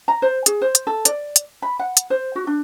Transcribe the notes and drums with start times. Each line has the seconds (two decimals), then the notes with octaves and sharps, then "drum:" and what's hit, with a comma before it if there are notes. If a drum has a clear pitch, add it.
0.08 A#5
0.22 C5
0.46 G#4, drum: hi-hat
0.62 C5
0.75 drum: hi-hat
0.87 A4
1.05 D5, drum: hi-hat
1.36 drum: hi-hat
1.62 B5
1.79 F#5
1.97 drum: hi-hat
2.10 C5
2.36 F#4
2.47 D4